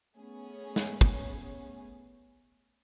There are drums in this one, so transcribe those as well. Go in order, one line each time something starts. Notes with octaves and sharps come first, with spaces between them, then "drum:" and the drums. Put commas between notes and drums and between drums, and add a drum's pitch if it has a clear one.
A3 B3 C#4 G#4
drum: snare
drum: kick